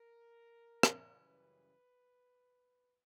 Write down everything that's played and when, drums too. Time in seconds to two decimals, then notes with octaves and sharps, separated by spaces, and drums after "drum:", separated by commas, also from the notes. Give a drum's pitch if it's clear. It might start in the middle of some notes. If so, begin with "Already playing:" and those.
Already playing: A#4
0.83 drum: rim click
1.09 F#2 C#3 E3 G3 B4